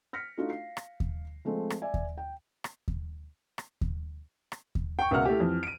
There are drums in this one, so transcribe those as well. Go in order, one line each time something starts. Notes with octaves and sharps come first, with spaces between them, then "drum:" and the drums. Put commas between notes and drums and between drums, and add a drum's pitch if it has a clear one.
F6 A#6 B6 C#7
A3 D4 D#4 F4 F#4
F5 C7
drum: rim click
drum: kick D#2
F3 G#3 A3 C4
drum: rim click
D5 E5 G#5
drum: kick D#2
G5
drum: rim click
drum: kick D#2
drum: rim click
drum: kick D#2
drum: rim click
drum: kick D#2
G5 C#6
C#2 B2 A#4 E5 F#5 F6
A3 E4 G4
F2 E3
D7 D#7